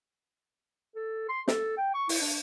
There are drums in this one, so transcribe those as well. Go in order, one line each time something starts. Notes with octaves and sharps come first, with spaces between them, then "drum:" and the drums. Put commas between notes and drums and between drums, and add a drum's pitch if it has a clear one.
A4
C6
A4, drum: snare
G5
C#6
E4, drum: open hi-hat
D4